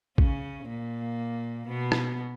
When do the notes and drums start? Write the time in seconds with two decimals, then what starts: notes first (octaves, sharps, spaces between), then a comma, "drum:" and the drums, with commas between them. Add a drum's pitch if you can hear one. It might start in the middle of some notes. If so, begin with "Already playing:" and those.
0.18 C#3 C#4, drum: kick A#1
0.68 A#2 A#3
1.67 B2 B3
1.92 drum: rim click